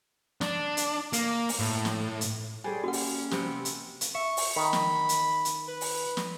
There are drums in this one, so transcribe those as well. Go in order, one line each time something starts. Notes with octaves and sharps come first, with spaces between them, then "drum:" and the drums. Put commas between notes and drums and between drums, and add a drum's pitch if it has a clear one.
D4, drum: snare
drum: hi-hat
A#3, drum: hi-hat
drum: open hi-hat
A2
drum: snare
drum: hi-hat
G3 C#4 G#4 A4 C5 D5 G#5
A#3 C#4 F#4 F#5
drum: open hi-hat
C3 B3 C4, drum: snare
drum: hi-hat
drum: hi-hat
E5 C#6
drum: open hi-hat
D#3 B5
drum: snare
drum: hi-hat
drum: hi-hat
B4
drum: open hi-hat
drum: snare